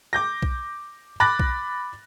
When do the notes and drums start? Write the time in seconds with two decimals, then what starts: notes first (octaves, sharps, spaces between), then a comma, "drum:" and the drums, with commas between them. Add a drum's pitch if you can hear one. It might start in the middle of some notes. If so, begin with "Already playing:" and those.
0.13 D6 G6 A#6
0.42 drum: kick B1
1.20 B5 D6 F#6 A6 A#6
1.39 drum: kick B1